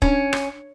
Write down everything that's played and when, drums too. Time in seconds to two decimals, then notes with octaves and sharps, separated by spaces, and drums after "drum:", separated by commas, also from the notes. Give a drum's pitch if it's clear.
0.02 C#4, drum: kick
0.33 drum: rim click